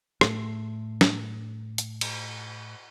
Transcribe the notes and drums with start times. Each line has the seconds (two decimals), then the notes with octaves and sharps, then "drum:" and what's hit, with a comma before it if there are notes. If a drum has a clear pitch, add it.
0.21 A2 A3, drum: rim click
1.01 drum: snare
1.78 drum: hi-hat
2.01 drum: cymbal